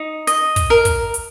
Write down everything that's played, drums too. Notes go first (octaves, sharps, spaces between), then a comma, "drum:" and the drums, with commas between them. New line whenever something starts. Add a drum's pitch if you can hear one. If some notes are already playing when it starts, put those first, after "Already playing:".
Already playing: D#4
D#5, drum: hi-hat
drum: kick, hi-hat
A#4
drum: kick, hi-hat
drum: hi-hat